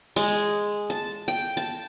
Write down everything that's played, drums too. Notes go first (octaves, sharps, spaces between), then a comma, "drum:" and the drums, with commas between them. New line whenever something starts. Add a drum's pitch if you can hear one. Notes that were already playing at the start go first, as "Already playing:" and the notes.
G#3, drum: open hi-hat
A5
G5
A5